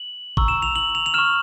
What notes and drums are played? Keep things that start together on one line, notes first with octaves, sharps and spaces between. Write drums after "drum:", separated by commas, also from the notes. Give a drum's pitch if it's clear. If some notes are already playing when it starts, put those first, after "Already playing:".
Already playing: F#7
A#5 C#6 E6, drum: kick G1
E7
F7
F#7
F7
F7
C#6 F6 E7